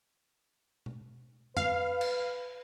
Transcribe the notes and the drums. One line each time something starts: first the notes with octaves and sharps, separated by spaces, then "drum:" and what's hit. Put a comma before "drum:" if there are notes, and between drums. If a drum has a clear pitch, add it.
drum: tom B2
B4 F5, drum: tom F2
drum: cymbal